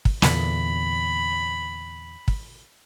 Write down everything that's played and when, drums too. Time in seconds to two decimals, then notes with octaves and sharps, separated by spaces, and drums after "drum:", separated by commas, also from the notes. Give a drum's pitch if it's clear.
0.05 drum: kick
0.22 E2 A#2 D3 B5, drum: snare
2.28 drum: kick